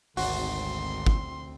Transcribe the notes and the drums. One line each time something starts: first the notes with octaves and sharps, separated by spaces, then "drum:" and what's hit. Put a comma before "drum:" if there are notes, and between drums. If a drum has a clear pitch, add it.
G#1 D2 C4 F#4 C6, drum: open hi-hat
drum: kick